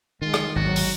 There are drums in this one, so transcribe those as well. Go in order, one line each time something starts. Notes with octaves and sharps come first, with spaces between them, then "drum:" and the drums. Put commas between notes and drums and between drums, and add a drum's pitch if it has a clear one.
D#3 G#3 F4
drum: rim click
G#1 D#2 F#3 F#4
drum: open hi-hat